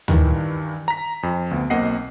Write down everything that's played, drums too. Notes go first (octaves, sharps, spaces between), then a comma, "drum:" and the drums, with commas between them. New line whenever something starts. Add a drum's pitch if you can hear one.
G2 D#3 E3, drum: tom
A#5 B6
F2
D2 B3
B1 A#3 C4 D#5 F#5 C7